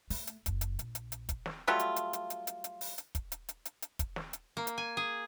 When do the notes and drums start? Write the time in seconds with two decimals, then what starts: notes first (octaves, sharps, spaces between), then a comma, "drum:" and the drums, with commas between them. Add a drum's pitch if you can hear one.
0.10 A3, drum: open hi-hat
0.27 drum: hi-hat
0.46 F#1, drum: kick, hi-hat
0.61 drum: hi-hat
0.79 A#1, drum: hi-hat
0.95 drum: hi-hat
1.12 drum: hi-hat
1.29 drum: kick, hi-hat
1.46 drum: snare
1.67 F#3 G3 A3 F4
1.79 drum: hi-hat
1.96 drum: hi-hat
2.13 drum: hi-hat
2.30 drum: hi-hat
2.47 drum: hi-hat
2.64 drum: hi-hat
2.81 drum: open hi-hat
2.98 drum: hi-hat
3.15 drum: kick, hi-hat
3.32 drum: hi-hat
3.49 drum: hi-hat
3.65 drum: hi-hat
3.82 drum: hi-hat
3.99 drum: kick, hi-hat
4.16 drum: snare
4.33 drum: hi-hat
4.57 A#3
4.67 drum: hi-hat
4.78 G#5
4.97 G#4